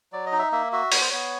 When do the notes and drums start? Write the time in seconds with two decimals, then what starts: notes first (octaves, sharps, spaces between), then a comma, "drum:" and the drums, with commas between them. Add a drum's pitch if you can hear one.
0.13 F#3 D5
0.26 D#5
0.32 D#4
0.39 E5
0.52 A#3 E5
0.72 F#4 E5
0.92 B3 C#5, drum: open hi-hat
1.00 C5
1.10 B3 C#5